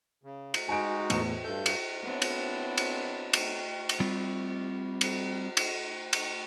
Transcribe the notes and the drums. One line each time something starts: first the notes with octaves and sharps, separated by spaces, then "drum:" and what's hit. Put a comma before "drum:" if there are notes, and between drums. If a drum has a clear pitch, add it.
C#3
drum: cymbal
G#3 D#4 F#4 G#5 D7
E2 A2, drum: cymbal
G2 A4 G6
drum: cymbal
B3 C4 D4 E4 C#5
drum: cymbal
drum: cymbal
drum: cymbal
drum: cymbal
G3 C4 F4
drum: cymbal
drum: cymbal
drum: cymbal